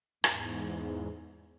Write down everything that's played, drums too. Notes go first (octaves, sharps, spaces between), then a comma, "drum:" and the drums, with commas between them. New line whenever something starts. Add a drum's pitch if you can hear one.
E2 G#2, drum: rim click